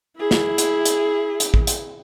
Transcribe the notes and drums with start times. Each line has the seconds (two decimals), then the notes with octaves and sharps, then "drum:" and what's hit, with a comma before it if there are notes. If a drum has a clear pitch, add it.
0.17 E4 G#4
0.31 drum: snare
0.58 drum: hi-hat
0.85 drum: hi-hat
1.40 drum: hi-hat
1.54 drum: kick A1
1.67 drum: hi-hat